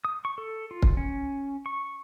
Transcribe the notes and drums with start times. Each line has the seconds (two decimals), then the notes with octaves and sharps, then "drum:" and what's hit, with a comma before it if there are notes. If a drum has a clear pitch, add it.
0.05 D#6
0.25 C#6
0.38 A4
0.71 F4
0.82 drum: kick
0.97 C#4
1.66 C#6